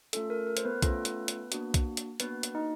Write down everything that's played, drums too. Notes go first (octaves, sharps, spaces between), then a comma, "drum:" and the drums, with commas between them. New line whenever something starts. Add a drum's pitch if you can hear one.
A3 C#4 F4 A4, drum: hi-hat
A#4
A#4
C5, drum: hi-hat
B3 B4
A3 C#4 F4 A4, drum: kick B1, hi-hat
drum: hi-hat
drum: hi-hat
A#3 D4 F#4, drum: hi-hat
drum: kick B1, hi-hat
drum: hi-hat
A#3 B3 D4 F#4 B4, drum: hi-hat
drum: hi-hat
D#4 D#5